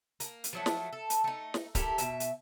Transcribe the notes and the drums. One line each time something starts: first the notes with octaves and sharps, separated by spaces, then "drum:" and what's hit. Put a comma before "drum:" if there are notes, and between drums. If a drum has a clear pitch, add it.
A#3, drum: hi-hat
drum: hi-hat
F3 F#3 A3
drum: snare
A4
drum: hi-hat
A3 D#4
drum: snare
E4 G4 A4 A#4, drum: kick C#1, hi-hat
B2 E5, drum: hi-hat
drum: hi-hat